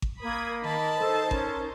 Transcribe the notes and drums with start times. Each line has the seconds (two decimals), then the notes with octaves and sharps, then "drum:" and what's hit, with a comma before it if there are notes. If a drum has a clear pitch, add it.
0.02 drum: kick G#1
0.23 A#3 A#4 B5 D#6 G#6
0.64 D#3 A#4 D#5 A5 B5
1.00 D#4 A4 C5
1.31 C#4 A#4, drum: kick G#1